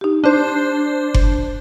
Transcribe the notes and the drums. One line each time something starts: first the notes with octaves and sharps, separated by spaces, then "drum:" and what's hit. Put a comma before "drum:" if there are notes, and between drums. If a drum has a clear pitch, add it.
D#4 G4
D4 C5
drum: kick F#1